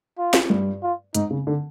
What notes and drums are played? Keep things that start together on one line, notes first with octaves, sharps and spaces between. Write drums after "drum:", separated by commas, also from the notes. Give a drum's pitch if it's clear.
F4
drum: snare
G2
F4
G#2 D#4, drum: hi-hat
C#3
D3